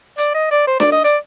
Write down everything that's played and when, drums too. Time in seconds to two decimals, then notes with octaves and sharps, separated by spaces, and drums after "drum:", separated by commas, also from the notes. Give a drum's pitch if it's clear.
0.18 D5, drum: hi-hat
0.34 D#5
0.51 D5
0.67 C5
0.80 D5, drum: snare D4
0.92 D#5
1.04 D5, drum: hi-hat